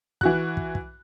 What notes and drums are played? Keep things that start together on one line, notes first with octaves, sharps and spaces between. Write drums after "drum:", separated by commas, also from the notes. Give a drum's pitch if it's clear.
E3 F#4 F#6, drum: kick
drum: kick
drum: kick